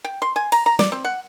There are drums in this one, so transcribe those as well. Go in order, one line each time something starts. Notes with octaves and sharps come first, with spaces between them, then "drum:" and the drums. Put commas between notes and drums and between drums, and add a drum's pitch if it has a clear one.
G5
C6
G#5
A#5, drum: cymbal
A#5
D5, drum: snare
C4
F#5